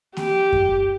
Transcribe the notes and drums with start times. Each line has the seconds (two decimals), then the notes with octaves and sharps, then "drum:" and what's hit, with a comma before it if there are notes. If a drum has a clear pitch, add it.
0.17 G4, drum: snare A#3
0.53 drum: kick F#2